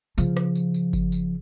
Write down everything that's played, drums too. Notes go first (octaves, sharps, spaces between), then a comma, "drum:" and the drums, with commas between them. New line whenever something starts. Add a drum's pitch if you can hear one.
C#3 F3, drum: tambourine
drum: rim click
drum: tambourine
drum: tambourine
drum: kick G1, tambourine
drum: tambourine